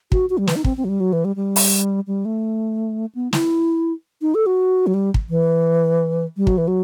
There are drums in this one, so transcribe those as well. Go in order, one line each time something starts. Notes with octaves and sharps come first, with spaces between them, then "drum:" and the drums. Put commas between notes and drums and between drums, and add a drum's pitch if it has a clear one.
F#4, drum: kick
F#4
G3
E3, drum: snare
D#4
C4, drum: kick
C4
F#3
G3
F#3
E3
G3
G3
drum: open hi-hat
G3
A3
B3
E4, drum: snare
D#4
A4
F#4
F#3
G3
drum: kick
E3
G3
F#3, drum: kick
E3
F#3